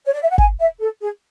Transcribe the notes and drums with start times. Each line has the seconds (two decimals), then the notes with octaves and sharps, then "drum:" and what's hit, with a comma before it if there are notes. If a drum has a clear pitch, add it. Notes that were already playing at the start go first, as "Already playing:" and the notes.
0.05 C#5
0.13 D5
0.22 E5
0.30 F#5
0.38 G#5, drum: kick G1
0.59 E5
0.80 A4
1.02 G#4